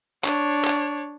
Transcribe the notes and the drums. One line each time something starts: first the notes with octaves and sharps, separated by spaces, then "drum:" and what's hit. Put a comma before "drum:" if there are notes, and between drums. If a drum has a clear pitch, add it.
D4 C#5, drum: clap
drum: clap